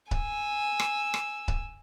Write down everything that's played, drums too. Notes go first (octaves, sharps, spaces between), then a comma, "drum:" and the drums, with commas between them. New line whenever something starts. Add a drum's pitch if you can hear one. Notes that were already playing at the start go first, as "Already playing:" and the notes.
G#5 E6, drum: kick C#1
drum: rim click
drum: rim click
drum: kick C#1